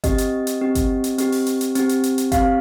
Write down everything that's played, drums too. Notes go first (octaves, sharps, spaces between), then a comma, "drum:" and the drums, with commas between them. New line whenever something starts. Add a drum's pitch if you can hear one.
C4 G4 D#5, drum: kick G1, hi-hat
drum: hi-hat
drum: hi-hat
C4 G4
drum: kick G1, hi-hat
drum: hi-hat
C4 G4, drum: hi-hat
drum: open hi-hat
drum: hi-hat
drum: hi-hat
C4 G4, drum: hi-hat
drum: hi-hat
drum: hi-hat
drum: hi-hat
C4 G4 F5, drum: kick G1, hi-hat